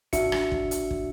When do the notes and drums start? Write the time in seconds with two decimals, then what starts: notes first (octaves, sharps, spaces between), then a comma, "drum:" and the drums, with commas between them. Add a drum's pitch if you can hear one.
0.13 A1 D4 F#4 E5 C#7, drum: kick, hi-hat
0.32 drum: rim click
0.52 drum: kick
0.71 drum: hi-hat
0.91 drum: kick